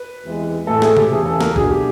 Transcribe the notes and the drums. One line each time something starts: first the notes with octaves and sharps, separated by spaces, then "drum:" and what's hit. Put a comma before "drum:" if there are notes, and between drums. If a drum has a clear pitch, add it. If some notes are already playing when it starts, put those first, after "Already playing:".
Already playing: B4
E2 C3 E3 G#3
A2 E3 A3 A4
G#4, drum: snare
G4, drum: tom C3
E2 C#3 E3 G#4
A4
A#4, drum: snare
B2 F#3 A3 D4 F#4 G#4, drum: kick B1
G4